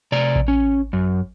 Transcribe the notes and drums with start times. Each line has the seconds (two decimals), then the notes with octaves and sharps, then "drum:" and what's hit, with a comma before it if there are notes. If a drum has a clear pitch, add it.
0.12 C3 D5 A#5
0.35 drum: kick A1
0.48 C#4
0.93 F#2